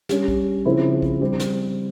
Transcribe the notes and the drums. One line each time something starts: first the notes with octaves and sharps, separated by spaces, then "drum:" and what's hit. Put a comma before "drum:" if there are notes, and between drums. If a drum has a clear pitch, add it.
G3 C#4 G4, drum: snare
drum: kick
C#3 F3 C4 E4
drum: kick
G3 C4 G4
drum: snare